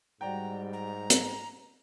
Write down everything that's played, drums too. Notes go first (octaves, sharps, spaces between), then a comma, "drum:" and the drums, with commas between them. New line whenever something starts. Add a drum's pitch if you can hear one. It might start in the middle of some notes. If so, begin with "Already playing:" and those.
G#2 G3 F#4 D5 G5 A#5
A#5
drum: hi-hat